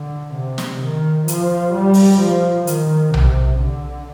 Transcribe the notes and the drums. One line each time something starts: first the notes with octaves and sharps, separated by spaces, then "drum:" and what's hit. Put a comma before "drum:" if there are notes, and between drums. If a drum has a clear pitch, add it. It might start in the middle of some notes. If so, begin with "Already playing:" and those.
Already playing: D3
C3
drum: snare
D#3
F3, drum: hi-hat
G3
drum: open hi-hat
F3
D#3, drum: hi-hat
C3, drum: tom B1
D3